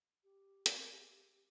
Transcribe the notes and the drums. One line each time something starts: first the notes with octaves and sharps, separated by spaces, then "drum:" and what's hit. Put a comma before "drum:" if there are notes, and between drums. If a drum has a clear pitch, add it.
G4
drum: hi-hat